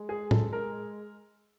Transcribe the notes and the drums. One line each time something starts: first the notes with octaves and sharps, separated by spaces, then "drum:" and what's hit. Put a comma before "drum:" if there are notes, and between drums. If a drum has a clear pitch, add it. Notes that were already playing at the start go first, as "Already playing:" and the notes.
Already playing: G#3
G#4
A4, drum: tom A2
A#4